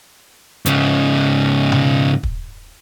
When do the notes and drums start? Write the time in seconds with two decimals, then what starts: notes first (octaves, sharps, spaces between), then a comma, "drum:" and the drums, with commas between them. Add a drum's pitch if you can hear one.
0.66 G#2 C#3, drum: hi-hat
1.72 drum: tom B2
2.23 drum: kick